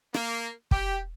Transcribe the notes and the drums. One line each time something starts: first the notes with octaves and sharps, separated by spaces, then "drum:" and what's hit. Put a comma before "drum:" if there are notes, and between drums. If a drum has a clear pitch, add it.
A#3, drum: rim click
G4, drum: kick